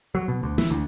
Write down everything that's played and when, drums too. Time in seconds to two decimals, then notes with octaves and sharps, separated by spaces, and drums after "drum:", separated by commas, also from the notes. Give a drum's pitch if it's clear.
0.15 F#3
0.28 B2
0.43 D2
0.58 E3, drum: snare
0.70 D2